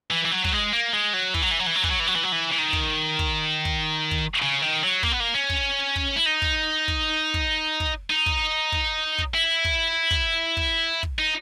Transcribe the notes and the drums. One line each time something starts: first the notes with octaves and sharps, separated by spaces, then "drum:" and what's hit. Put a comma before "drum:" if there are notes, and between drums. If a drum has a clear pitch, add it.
E3
E3
F#3
F#3, drum: kick
G#3
A#3
G#3
F#3
E3, drum: kick
F#3
E3
F#3
E3
F#3
E3, drum: kick
F#3
E3
F#3
E3
F#3
E3
E3
D#3
drum: kick
drum: kick
drum: kick
drum: kick
C#3
D#3
F#3
A#3, drum: kick
B3
A#3
C#4
drum: kick
drum: kick
E4
D#4
drum: kick
drum: kick
drum: kick
drum: kick
D#4
drum: kick
drum: kick
drum: kick
E4
drum: kick
drum: kick
drum: kick
drum: kick
D#4